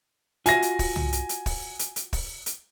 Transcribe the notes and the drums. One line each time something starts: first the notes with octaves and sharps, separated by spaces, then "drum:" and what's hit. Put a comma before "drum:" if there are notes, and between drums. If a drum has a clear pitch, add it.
F4 F#4 E5 G#5 A#6, drum: hi-hat
drum: hi-hat
drum: kick, open hi-hat
drum: tom
drum: hi-hat
drum: hi-hat
drum: kick, open hi-hat
drum: hi-hat
drum: hi-hat
drum: kick, open hi-hat
drum: hi-hat